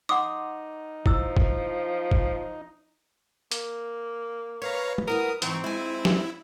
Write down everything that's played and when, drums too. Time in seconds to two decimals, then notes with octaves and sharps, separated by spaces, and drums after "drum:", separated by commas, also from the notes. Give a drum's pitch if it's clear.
0.09 D#4 F#5 C6 D6 D#6
1.06 F3 E4 E6, drum: kick G1
1.37 drum: kick G1
2.11 drum: kick G1
3.52 A#3, drum: hi-hat
4.62 B4 C#5 F5 A#5
4.98 drum: tom
5.08 E4 F#4 A#4 B4 D#6
5.42 G#2 E3 C4 A#5 C#6, drum: hi-hat
5.64 G#3 E4 G#5
6.05 drum: snare